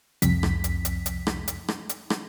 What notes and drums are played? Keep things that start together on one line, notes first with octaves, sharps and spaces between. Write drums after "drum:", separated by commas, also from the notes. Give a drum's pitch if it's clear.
C2 F2 B6, drum: hi-hat
drum: rim click
drum: hi-hat
drum: hi-hat
drum: hi-hat
drum: rim click
drum: hi-hat
drum: rim click
drum: hi-hat
drum: rim click